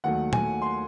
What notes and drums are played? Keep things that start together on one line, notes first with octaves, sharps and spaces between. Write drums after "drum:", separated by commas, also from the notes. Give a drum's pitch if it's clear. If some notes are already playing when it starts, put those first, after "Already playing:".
D#2 D#3 F#3 A3 F#5
G#5, drum: tom
C6